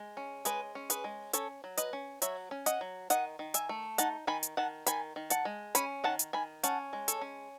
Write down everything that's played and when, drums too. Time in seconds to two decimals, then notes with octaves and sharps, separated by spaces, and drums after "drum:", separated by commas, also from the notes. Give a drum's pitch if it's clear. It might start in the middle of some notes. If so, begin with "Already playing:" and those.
Already playing: G#3
0.17 C#4
0.45 G#3 G#4 B4, drum: hi-hat
0.75 C#4
0.90 G#4 B4, drum: hi-hat
1.04 G#3
1.33 C#4 A4 C#5, drum: hi-hat
1.64 F#3
1.77 B4 D#5, drum: hi-hat
1.93 C#4
2.22 F#3 C#5 E5, drum: hi-hat
2.51 C#4
2.66 D#5 F#5, drum: hi-hat
2.81 F#3
3.10 D#3 D#5 F#5, drum: hi-hat
3.39 D#3
3.54 E5 G#5, drum: hi-hat
3.69 A3
3.98 D#4 F#5 A5, drum: hi-hat
4.27 D#3 G#5 B5
4.43 drum: hi-hat
4.57 D#3 F#5 A5
4.86 D#3 G#5 B5, drum: hi-hat
5.16 D#3
5.30 F#5 A5, drum: hi-hat
5.45 G#3
5.75 C#4 G#5 B5, drum: hi-hat
6.04 D#3 F#5 A5
6.19 drum: hi-hat
6.33 D#3 G#5 B5
6.63 C#4 F#5 A5, drum: hi-hat
6.93 G#3
7.08 A4 C#5, drum: hi-hat
7.21 C#4